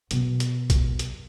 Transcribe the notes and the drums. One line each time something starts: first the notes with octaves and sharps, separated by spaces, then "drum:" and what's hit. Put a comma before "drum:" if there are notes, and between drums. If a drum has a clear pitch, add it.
B2 F#3, drum: hi-hat
drum: hi-hat
drum: kick A#1, hi-hat
drum: hi-hat